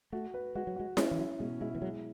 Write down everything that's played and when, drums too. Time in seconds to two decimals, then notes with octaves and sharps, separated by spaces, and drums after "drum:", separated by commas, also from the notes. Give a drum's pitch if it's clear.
0.12 A3 F#4
0.34 B4
0.55 G#3 F#4
0.67 F#3
0.76 G#3 F#4
0.97 G#3 C#4, drum: snare E4
1.11 E3
1.18 F#3 E4
1.39 B2 G#3
1.61 G#3 E4
1.75 E3
1.82 F#3 G#3